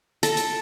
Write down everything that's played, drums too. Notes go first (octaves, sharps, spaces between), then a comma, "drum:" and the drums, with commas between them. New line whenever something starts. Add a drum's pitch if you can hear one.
A4, drum: hi-hat
drum: hi-hat